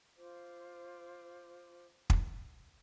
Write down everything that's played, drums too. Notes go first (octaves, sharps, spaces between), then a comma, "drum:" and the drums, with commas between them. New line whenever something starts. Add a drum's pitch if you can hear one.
F4 C5 D6
drum: kick